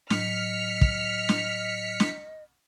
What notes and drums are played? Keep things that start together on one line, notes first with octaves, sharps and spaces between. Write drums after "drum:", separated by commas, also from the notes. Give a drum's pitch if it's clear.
A2 F#3 D#5 F6 B6 C#7, drum: snare
drum: kick
drum: snare
drum: snare